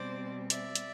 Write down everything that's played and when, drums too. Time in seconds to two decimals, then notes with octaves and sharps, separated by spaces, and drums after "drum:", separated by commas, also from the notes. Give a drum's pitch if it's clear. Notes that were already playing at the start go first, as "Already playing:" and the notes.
Already playing: B2 G3 C4 C5 D5
0.50 D5 E5, drum: hi-hat
0.75 drum: hi-hat